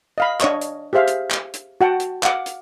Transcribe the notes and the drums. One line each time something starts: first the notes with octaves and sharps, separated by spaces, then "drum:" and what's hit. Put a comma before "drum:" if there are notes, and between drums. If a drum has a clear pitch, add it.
D#5 F5 B5
D4 C#5 D#5 C#6, drum: clap
drum: hi-hat
G4 G#4 C5 E5 F5
drum: hi-hat
drum: clap
drum: hi-hat
F#4 F#5 G5 A5
drum: hi-hat
F5 F#5 D6, drum: clap
drum: hi-hat